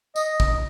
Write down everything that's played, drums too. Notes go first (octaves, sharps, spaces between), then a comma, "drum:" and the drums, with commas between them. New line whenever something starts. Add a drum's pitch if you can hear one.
D#5, drum: tambourine
drum: kick